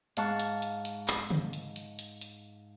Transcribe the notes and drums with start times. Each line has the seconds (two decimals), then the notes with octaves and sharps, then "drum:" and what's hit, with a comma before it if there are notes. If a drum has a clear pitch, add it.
0.17 G#2 F5 A5 C#6 F#6, drum: hi-hat
0.40 drum: hi-hat
0.62 drum: hi-hat
0.85 drum: hi-hat
1.08 drum: clap
1.31 drum: tom
1.53 drum: hi-hat
1.76 drum: hi-hat
1.99 drum: hi-hat
2.21 drum: hi-hat